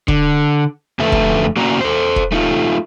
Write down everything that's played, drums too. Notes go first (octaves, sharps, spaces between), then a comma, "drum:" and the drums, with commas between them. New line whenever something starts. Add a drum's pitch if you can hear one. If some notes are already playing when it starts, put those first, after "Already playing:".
D3, drum: kick
F2 D3 A3 A4 B4 E5
drum: kick
A#3 C#4 F#4 D5 A#5
A4 C5
drum: kick
A3 D#4 F4